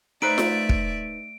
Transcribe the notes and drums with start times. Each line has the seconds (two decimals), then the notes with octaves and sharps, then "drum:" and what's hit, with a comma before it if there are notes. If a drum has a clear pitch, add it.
0.22 A3 D#4 B4 C5 D5 E5 D7
0.38 drum: snare F4
0.69 drum: kick